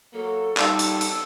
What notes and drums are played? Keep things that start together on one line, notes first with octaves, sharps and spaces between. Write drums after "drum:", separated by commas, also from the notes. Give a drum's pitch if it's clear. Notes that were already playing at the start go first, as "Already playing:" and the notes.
F#3 A#3 A4
A#2 G3 D#4 A4 D5 F5, drum: clap
drum: hi-hat
drum: hi-hat